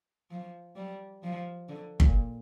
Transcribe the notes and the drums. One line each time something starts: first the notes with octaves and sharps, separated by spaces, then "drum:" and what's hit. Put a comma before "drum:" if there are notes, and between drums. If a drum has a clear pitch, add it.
F3
G3
F3
D3
A#2, drum: kick